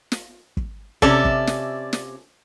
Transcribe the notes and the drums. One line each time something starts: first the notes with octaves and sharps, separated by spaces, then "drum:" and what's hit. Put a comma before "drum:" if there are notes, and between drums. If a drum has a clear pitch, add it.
drum: snare
drum: kick
C3 C#4 A4 D5 E5, drum: kick
drum: kick
drum: snare
drum: snare